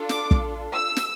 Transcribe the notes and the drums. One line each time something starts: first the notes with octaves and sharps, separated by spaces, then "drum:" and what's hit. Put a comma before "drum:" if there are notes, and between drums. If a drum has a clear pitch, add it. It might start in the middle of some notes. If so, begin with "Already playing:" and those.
Already playing: D4 F4 A4
D6, drum: snare
drum: kick
E6
drum: snare